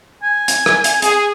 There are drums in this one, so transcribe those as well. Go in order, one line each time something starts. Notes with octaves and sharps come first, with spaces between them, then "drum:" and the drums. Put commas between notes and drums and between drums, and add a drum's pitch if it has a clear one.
G#5
drum: hi-hat
drum: rim click
drum: hi-hat
G#4, drum: hi-hat